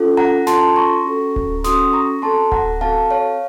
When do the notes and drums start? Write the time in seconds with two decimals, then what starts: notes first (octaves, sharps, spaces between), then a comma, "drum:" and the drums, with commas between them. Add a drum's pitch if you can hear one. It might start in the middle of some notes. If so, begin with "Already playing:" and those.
Already playing: C#4 F4 A4
0.17 F#5 A#5
0.47 C#4 F4 A4 A5 C6, drum: snare
0.68 C6
0.76 A#5 C#6
1.05 C#4 F#4 A4
1.36 drum: kick D1
1.64 C#4 F#4 A4 C6 D#6, drum: snare
1.93 A#5 C#6
2.22 C4 F#4 A4 A5 C6
2.52 F#5 A#5, drum: kick D1
2.81 C4 F#4 A4 F5 A5
3.10 C#5 F5